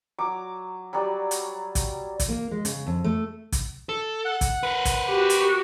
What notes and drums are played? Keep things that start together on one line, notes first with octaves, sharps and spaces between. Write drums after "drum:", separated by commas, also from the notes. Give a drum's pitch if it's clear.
F#3 D6
F#3 G3 D5
drum: hi-hat
drum: kick, hi-hat
drum: kick, hi-hat
A#3
G#3
C#3, drum: hi-hat
F2
A3
drum: kick, hi-hat
A4
F#5
drum: kick, hi-hat
A#4 B4
drum: kick, hi-hat
F#4 G4
drum: hi-hat